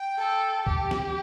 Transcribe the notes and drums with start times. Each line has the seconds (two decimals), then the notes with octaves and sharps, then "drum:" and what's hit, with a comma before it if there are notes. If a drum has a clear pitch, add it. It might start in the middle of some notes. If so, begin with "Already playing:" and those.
Already playing: G5
0.18 A4
0.67 G4, drum: kick C2
0.91 drum: snare